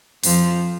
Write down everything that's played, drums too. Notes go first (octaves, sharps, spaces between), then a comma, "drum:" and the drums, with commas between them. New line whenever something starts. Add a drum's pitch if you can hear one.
F2 F3, drum: open hi-hat